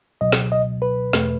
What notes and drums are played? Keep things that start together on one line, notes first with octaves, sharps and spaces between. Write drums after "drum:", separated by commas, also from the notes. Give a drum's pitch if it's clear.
C#2 B2 F#3 D#5
drum: snare
D#5
B4
E2 B2 A3, drum: snare